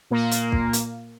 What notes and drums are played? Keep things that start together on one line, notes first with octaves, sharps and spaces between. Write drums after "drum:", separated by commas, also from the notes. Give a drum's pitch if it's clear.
A#2 A#3
drum: hi-hat
drum: kick
drum: hi-hat